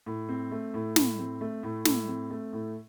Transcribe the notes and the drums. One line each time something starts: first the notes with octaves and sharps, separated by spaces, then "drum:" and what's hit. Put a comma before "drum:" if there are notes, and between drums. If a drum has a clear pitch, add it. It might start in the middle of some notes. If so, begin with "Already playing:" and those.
A2
C4
A3
A2
A2, drum: snare
C4
A3
A2
A2, drum: snare
C4
A3
A2